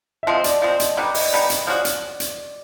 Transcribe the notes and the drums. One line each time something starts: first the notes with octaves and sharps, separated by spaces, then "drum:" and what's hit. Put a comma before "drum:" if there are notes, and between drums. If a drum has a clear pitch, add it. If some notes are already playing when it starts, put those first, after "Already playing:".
E5
F3 G#3 C4 D#5
D5, drum: hi-hat
F3 G#3 C4 D5
D#5, drum: hi-hat
D3 G3 B3 D#4 D5
D#5, drum: open hi-hat
D5
D3 G3 B3 D#4
drum: hi-hat
F3 G#3 C#4 F#4 D5
drum: hi-hat
drum: hi-hat